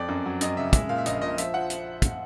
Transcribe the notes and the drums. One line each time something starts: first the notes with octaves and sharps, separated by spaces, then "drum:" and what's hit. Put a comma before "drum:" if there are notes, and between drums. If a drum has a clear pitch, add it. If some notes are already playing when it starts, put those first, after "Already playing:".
Already playing: F2 D5
F#2
F#3
F#2 D#5, drum: hi-hat
C#3 E5
G#3 E5, drum: kick, hi-hat
A#2 F5
E5
A#1 D#5, drum: hi-hat
A#2 D#5
F3 E5, drum: hi-hat
F3 F#5
drum: hi-hat
drum: kick, hi-hat